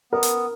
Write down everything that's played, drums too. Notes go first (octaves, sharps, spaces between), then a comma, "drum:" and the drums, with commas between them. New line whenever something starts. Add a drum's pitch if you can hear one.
B3 A#4
drum: hi-hat